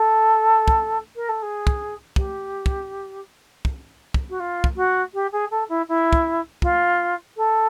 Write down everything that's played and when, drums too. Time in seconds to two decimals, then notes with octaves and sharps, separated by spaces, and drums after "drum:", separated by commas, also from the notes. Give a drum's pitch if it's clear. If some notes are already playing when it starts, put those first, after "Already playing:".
Already playing: A4
0.68 drum: kick
1.16 A#4
1.29 A4
1.42 G#4
1.67 drum: kick
2.16 G4, drum: kick
2.66 drum: kick
3.65 drum: kick
4.14 drum: kick
4.29 F#4
4.39 F4
4.64 drum: kick
4.76 F#4
5.14 G4
5.32 G#4
5.51 A4
5.69 E4
5.88 E4
6.13 drum: kick
6.62 F4, drum: kick
7.36 A4